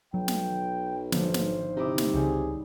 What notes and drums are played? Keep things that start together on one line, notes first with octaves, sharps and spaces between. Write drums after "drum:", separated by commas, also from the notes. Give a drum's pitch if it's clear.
B1 F#3 G5
drum: snare
G#1 D3 F3 B3 C5, drum: snare
drum: snare
C3 D#4 E4 D6
drum: snare
C#2 C#3 G3 G#4